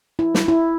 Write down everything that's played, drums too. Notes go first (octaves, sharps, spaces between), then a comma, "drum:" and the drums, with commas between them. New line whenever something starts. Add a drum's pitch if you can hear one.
E4
drum: snare
E4